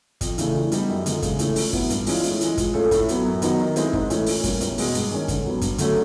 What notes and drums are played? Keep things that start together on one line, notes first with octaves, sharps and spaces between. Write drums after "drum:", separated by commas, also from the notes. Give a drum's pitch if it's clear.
F2, drum: kick, hi-hat
C#3 E3 A3 D4, drum: hi-hat
E3
G3 B3 D#4, drum: hi-hat
F#2
D3 F3 G#3, drum: hi-hat
C#3, drum: kick, hi-hat
E3 A3 C#4, drum: hi-hat
A#2, drum: open hi-hat
F#3 B3 E4, drum: kick
G2, drum: hi-hat
E3 G#3 C#4 F4, drum: open hi-hat
A2, drum: hi-hat
E3 G#3, drum: hi-hat
F3, drum: kick, hi-hat
A3 C#4 F4 A4
A2, drum: kick, hi-hat
F#3 B3, drum: hi-hat
F#2
D#3 F#3 B3 D#4, drum: hi-hat
D#3
G#3 C4 E4, drum: hi-hat
G#2, drum: kick
E3 A3 C#4, drum: hi-hat
A#2, drum: open hi-hat
G3 A#3 C#4, drum: kick, hi-hat
E2, drum: hi-hat
B2 G#3, drum: open hi-hat
G2, drum: hi-hat
D#3 G#3 C#4
D3, drum: kick, hi-hat
F#3 B3
G2, drum: kick, hi-hat
D3 F#3 A3 C#4, drum: hi-hat